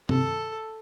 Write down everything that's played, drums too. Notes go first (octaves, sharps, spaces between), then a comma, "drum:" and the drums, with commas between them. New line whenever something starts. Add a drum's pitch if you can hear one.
C3 A4, drum: tom G2